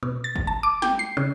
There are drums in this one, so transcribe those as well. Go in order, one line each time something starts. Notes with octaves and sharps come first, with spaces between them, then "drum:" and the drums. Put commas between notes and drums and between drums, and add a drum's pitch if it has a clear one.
B2
A6
drum: kick
A5
D6
G5, drum: snare
C7
C#3